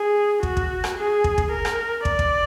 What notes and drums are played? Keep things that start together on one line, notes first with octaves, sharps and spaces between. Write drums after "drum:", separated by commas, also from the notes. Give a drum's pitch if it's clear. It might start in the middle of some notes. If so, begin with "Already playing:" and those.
Already playing: G#4
F#4, drum: kick
drum: kick
drum: rim click
G#4
drum: kick
drum: kick
A#4
drum: rim click
D5, drum: kick
drum: kick